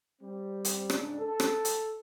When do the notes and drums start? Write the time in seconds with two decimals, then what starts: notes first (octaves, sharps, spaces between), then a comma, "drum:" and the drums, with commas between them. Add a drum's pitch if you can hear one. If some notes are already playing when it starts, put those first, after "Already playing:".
0.21 G3 C4
0.65 drum: hi-hat
0.90 G#2 C#3 D4, drum: rim click
1.19 A4
1.40 drum: rim click
1.65 drum: hi-hat